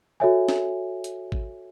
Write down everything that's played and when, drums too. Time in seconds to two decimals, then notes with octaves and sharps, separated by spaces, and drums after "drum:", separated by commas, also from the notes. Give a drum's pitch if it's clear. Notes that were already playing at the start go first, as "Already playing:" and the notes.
0.20 F#4 A4 C#5 E5 G#5
0.49 drum: snare
1.04 drum: hi-hat
1.32 drum: kick G#1